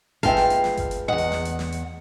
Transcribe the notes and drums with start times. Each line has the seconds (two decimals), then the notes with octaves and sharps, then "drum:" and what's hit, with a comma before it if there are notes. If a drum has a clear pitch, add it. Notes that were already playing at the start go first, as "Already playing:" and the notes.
0.23 G#3 B3 F4 E5 F5 G5 A5, drum: kick G1, hi-hat
0.37 drum: snare
0.50 drum: hi-hat
0.64 drum: snare
0.77 drum: kick G1, hi-hat
0.91 drum: hi-hat
1.08 E2 D#5 F#5
1.18 drum: open hi-hat
1.32 drum: snare
1.45 drum: hi-hat
1.59 drum: snare
1.72 drum: hi-hat